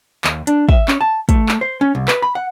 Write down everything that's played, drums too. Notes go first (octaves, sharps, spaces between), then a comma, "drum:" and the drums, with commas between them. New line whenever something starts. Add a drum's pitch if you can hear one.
D#2, drum: clap
D4, drum: hi-hat
E5, drum: kick
C#4, drum: clap
A5
A3, drum: kick, hi-hat
drum: clap
C5
C#4
C2
B4, drum: clap
B5
F#5